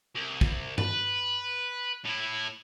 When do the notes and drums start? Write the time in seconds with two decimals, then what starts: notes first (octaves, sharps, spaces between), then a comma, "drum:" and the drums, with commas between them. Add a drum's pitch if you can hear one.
0.15 C2
0.41 drum: kick
0.78 B4, drum: tom G2
2.05 A2 E4